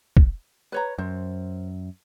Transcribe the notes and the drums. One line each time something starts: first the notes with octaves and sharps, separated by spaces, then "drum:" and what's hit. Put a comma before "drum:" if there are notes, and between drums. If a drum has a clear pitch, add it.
drum: kick
B4 C#5 A#5
F#2 C5